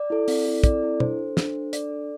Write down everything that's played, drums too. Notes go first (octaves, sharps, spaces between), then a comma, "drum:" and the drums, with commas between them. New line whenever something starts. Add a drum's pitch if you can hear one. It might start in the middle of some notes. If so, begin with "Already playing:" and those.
Already playing: D5
E4 A4
C4, drum: open hi-hat
E4 A4
C4 D5, drum: kick, hi-hat
E4 A4
D4 C5, drum: tom
A4
D4, drum: snare
A4
D4 D5, drum: hi-hat
A4